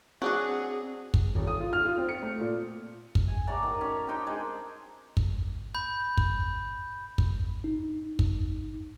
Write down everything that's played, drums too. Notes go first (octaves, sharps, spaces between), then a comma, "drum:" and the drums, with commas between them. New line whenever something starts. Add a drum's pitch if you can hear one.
F#3 C4 D4 F#4 G#4
drum: kick
D#1
D#6
F4
F6
F4
C4
C#7
A3
A#2
drum: kick
G#5
A2 F#4 D5 A#5
D#3
C#4
C4 D4 D#4 G5
G#3 G#4
drum: kick
B5 G6
drum: kick
drum: kick
D#4
drum: kick